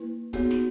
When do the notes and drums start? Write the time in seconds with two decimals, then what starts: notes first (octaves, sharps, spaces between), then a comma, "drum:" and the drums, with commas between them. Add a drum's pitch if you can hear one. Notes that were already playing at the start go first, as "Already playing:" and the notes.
Already playing: A#3 E4 B4
0.33 B3 D#4 F#4 G#4 C#5, drum: kick, hi-hat
0.51 drum: snare